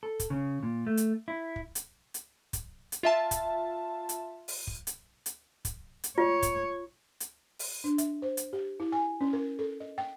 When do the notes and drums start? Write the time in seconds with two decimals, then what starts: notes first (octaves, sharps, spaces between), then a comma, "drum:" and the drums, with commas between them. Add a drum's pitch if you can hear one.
0.03 A4
0.20 drum: kick, hi-hat
0.30 C#3
0.63 A#2
0.87 A3
0.97 drum: hi-hat
1.28 E4
1.56 drum: kick
1.75 drum: hi-hat
2.14 drum: hi-hat
2.53 drum: kick, hi-hat
2.92 drum: hi-hat
3.03 F4 E5 A5
3.31 drum: kick, hi-hat
4.09 drum: hi-hat
4.48 drum: open hi-hat
4.67 drum: kick
4.87 drum: hi-hat
5.26 drum: hi-hat
5.65 drum: kick, hi-hat
6.04 drum: hi-hat
6.18 F4 C#5
6.43 drum: kick, hi-hat
7.20 drum: hi-hat
7.59 drum: open hi-hat
7.84 D4
7.98 E5, drum: hi-hat
8.22 C5
8.37 drum: hi-hat
8.53 G4
8.80 E4
8.92 G#5
9.21 C#4
9.33 A#4
9.59 A4
9.80 D#5
9.98 G5